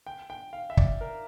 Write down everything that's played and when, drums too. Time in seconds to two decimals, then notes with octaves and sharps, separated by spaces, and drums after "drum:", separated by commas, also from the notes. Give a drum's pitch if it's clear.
0.07 G5
0.30 G5
0.53 F5
0.70 E5
0.77 D5, drum: kick
1.01 A#4